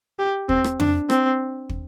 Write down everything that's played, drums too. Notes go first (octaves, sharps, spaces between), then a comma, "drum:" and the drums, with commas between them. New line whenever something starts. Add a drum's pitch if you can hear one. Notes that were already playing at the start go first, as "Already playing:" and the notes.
G4
C4, drum: kick
drum: rim click
D4, drum: tom F2
C4, drum: rim click
drum: kick